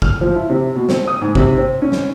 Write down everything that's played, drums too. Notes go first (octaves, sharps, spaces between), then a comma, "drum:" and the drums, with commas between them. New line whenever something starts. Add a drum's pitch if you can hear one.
F6, drum: kick
F3
E4
C3
B2
C4, drum: snare
D#6
G#2
C3, drum: kick
C4
C#4
drum: snare